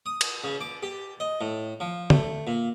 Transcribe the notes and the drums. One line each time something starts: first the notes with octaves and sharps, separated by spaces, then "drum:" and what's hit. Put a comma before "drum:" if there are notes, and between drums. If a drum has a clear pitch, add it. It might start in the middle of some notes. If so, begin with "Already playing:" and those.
D#6
drum: cymbal
C#3
D6
G4
D#5
A2
F3
A3, drum: tom D3
A#2